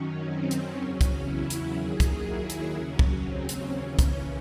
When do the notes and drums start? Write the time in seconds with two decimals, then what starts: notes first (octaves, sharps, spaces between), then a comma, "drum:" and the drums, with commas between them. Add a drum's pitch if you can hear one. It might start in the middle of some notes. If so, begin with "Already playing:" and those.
Already playing: F#2 D#3 F#3 C#4
0.26 C4
0.51 drum: hi-hat
0.76 E2 C#3 F#3 C#4
1.01 drum: kick, hi-hat
1.25 E4
1.50 drum: hi-hat
1.75 D#2 D#3 F#3 G#4
2.00 drum: kick, hi-hat
2.25 E4
2.50 drum: hi-hat
2.74 D#2 C#3 F#3 C#4
2.99 drum: kick
3.24 C4
3.49 drum: hi-hat
3.73 D#2 C#3 E3 C#4
3.99 drum: kick, hi-hat